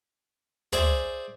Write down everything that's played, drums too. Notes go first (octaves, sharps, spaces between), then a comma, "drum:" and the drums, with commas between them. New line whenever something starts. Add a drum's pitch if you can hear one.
G#4 C5 D5 E5 G#5, drum: tom